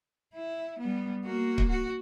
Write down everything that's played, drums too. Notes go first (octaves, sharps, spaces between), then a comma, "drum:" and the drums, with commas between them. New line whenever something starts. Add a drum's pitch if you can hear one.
E4
G3 B3
A#3 F#4
drum: kick C#1
F#4